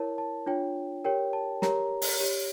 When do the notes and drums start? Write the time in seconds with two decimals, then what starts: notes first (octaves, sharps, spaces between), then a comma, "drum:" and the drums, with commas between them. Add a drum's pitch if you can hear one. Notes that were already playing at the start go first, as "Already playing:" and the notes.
Already playing: E4 A#4 C#5 A5
0.18 A5
0.46 D4 F4 C#5 G5
1.04 G4 A#4 C#5 G5
1.33 A5
1.62 G4 A#4 C#5 A#5, drum: snare
2.02 drum: open hi-hat
2.20 G4 C#5